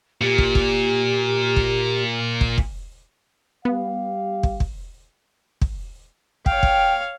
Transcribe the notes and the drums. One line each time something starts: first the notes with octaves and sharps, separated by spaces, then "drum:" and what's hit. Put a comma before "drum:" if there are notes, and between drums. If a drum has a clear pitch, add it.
A#2 G4
drum: kick
drum: kick
drum: kick
drum: kick
drum: kick
G3 B3 G4 F5
drum: kick
drum: kick
drum: kick
C#5 F5 G5, drum: kick
drum: kick